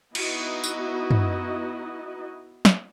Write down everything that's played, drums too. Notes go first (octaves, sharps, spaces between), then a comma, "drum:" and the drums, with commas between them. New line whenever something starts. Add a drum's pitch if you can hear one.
B3 D#4 E4 F#4 D#5, drum: cymbal
drum: tambourine
drum: tom
drum: snare